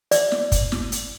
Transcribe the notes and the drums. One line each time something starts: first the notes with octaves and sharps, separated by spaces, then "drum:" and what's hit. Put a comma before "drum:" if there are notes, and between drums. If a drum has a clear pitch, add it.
D5, drum: hi-hat
drum: snare
drum: kick, hi-hat
drum: snare
drum: hi-hat